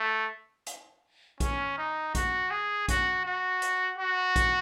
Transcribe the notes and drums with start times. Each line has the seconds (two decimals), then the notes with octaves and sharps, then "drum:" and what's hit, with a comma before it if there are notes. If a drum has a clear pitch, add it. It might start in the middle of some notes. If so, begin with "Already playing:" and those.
Already playing: A3
0.67 drum: hi-hat
1.40 C#4, drum: kick A#1, hi-hat
1.78 D#4
2.15 F#4, drum: kick A#1, hi-hat
2.51 G#4
2.88 F#4, drum: kick A#1, hi-hat
3.25 F#4
3.62 drum: hi-hat
3.99 F#4
4.36 drum: kick A#1, hi-hat